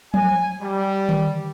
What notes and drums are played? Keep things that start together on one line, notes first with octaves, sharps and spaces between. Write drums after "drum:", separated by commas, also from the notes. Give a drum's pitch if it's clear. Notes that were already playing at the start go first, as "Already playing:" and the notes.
G#5, drum: tom F3
G3
drum: tom D3